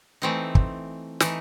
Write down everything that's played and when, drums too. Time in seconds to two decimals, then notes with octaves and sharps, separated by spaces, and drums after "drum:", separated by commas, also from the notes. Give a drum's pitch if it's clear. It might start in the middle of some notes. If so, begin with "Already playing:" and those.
0.22 E3 A3 C4 D#4
0.55 drum: kick
1.20 E3 A3 D#4, drum: snare